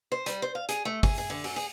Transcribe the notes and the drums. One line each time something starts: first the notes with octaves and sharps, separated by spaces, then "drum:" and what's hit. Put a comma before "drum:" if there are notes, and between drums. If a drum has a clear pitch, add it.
C5
G3, drum: hi-hat
C5
F5
G#4, drum: hi-hat
A3
G#4, drum: kick, open hi-hat
G#4
D3
F#2, drum: open hi-hat
G#4